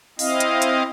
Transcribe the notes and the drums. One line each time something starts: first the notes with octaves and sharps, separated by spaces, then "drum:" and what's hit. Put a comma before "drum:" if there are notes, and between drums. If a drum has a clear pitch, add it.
C4 E4 D#5 F5, drum: open hi-hat
drum: hi-hat
drum: hi-hat